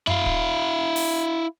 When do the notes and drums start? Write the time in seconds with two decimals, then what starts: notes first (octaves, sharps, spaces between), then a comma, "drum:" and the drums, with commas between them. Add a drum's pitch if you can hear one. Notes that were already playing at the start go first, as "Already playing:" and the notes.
0.07 E4 F5, drum: tom F#2
0.26 drum: kick
0.96 drum: open hi-hat